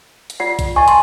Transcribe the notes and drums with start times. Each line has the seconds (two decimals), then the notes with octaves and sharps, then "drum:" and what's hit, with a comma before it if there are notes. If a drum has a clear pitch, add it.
0.30 drum: hi-hat
0.40 F4 D5 F#5
0.59 drum: kick A#1, hi-hat
0.76 D#5 G#5 C#6
0.88 A5 C6, drum: hi-hat